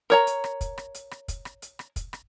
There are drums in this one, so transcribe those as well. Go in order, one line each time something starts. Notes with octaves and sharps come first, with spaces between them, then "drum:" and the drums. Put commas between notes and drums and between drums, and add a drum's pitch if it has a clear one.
A#4 C#5 A#5, drum: rim click
drum: hi-hat
drum: rim click
drum: kick, hi-hat
drum: rim click
drum: hi-hat
drum: rim click
drum: kick, hi-hat
drum: rim click
drum: hi-hat
drum: rim click
drum: kick, hi-hat
drum: rim click